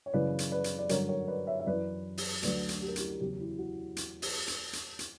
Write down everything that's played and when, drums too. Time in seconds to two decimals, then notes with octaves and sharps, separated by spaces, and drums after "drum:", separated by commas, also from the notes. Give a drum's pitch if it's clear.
0.06 C#5
0.13 F#2 C#3 E3 B4 D5
0.39 drum: hi-hat
0.51 B4 D5
0.64 drum: hi-hat
0.78 D5
0.89 G2 D3 F#3 A#4 C#5, drum: hi-hat
1.09 A#4 C#5
1.28 B4 D5
1.47 C#5 E5
1.60 E5
1.66 F#2 E3 B4 D5
2.18 drum: open hi-hat
2.43 D2 D3 F#3 B4 D5, drum: hi-hat
2.69 drum: hi-hat
2.81 G4
2.88 A#4
2.96 E4 G4, drum: hi-hat
3.20 E2 C#3 F#3 E4 G4
3.39 E4 G4
3.58 F#4
3.97 drum: hi-hat
4.22 drum: open hi-hat
4.48 drum: hi-hat
4.73 drum: hi-hat
4.99 drum: hi-hat